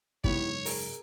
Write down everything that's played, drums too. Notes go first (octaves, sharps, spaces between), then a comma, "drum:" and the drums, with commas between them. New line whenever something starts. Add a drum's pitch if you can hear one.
F#1 G#2 B3 E4 G4 C#5, drum: kick
G#4 A#4, drum: open hi-hat